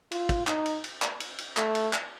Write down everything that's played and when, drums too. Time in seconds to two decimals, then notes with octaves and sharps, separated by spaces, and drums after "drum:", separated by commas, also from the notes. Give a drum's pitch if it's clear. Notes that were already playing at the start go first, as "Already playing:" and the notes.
0.11 F4, drum: cymbal
0.29 drum: kick, cymbal
0.47 D#4, drum: clap
0.66 drum: cymbal
0.84 drum: cymbal
1.02 drum: clap
1.20 drum: cymbal
1.38 drum: cymbal
1.57 A3, drum: clap
1.75 drum: cymbal
1.93 drum: clap